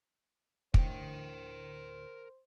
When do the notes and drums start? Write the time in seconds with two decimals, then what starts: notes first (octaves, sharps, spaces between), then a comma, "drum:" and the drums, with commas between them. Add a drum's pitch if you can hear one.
0.74 D2 A2 D3 A#4 C5 G5, drum: kick